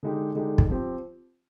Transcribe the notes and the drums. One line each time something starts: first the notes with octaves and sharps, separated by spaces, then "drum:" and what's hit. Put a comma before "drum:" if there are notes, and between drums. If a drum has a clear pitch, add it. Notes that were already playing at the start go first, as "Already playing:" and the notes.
D3 G#3 D#4 G4
D3 G#3 D#4 G4
drum: kick
F3 C4 G4